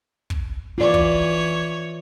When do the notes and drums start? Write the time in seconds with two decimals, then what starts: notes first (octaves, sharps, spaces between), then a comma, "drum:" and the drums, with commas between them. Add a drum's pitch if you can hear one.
0.30 drum: kick
0.78 E3 F4 C#5 D5
0.94 drum: kick